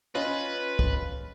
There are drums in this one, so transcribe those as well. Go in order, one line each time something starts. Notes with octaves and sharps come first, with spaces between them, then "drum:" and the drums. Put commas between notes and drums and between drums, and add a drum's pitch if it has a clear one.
C#4 F4 B4 D#5
drum: kick